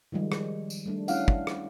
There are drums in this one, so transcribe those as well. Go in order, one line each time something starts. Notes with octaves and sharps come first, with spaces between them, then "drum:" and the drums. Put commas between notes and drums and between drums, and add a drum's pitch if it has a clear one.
D#3 F3 G3 G#3
drum: rim click
drum: tambourine
G3 A3 D4
C#4 D4 E4 F5 F#5, drum: tambourine
drum: kick
drum: rim click